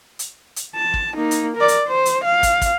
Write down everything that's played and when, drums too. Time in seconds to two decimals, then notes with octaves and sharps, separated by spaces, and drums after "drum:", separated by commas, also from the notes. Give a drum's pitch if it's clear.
0.19 drum: hi-hat
0.56 drum: hi-hat
0.76 A5
0.94 drum: kick
1.16 A#3 D#4
1.31 drum: hi-hat
1.56 A#4 D5
1.68 drum: hi-hat
1.87 C5
2.06 drum: hi-hat
2.24 F5
2.43 drum: kick, hi-hat
2.61 drum: kick, hi-hat